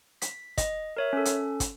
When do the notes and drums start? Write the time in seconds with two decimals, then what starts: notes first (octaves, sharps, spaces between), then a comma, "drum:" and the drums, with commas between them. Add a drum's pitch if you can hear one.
0.22 B6, drum: hi-hat
0.58 D#5, drum: kick, hi-hat
0.97 A#4 C#5 E5
1.13 C#4 A4
1.25 drum: hi-hat
1.60 drum: kick, hi-hat